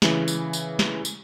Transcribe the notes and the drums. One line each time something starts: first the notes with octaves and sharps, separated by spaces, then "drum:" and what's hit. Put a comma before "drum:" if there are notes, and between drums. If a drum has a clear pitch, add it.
C#3 E3, drum: snare
drum: tambourine
drum: tambourine
drum: snare
drum: tambourine